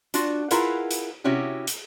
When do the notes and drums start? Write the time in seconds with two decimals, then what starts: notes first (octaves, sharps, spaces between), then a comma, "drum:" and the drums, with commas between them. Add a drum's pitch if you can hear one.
0.14 D4 F4 F#4, drum: hi-hat
0.51 E4 F4 G#4 A#4 B4 F#5, drum: hi-hat
0.91 drum: hi-hat
1.24 C3 C#4 E4 F#4 G4
1.67 drum: hi-hat